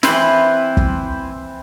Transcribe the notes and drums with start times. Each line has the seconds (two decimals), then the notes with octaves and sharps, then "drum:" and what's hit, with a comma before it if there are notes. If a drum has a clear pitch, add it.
0.03 E3 C4 E4 B4 C5, drum: snare
0.77 drum: kick